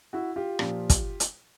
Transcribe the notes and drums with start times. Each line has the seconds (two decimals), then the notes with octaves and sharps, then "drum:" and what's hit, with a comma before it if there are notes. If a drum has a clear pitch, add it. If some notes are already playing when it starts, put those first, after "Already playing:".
0.13 E4 F#4
0.36 F4 G4
0.59 A#2 F3, drum: rim click
0.90 drum: kick, hi-hat
1.20 drum: hi-hat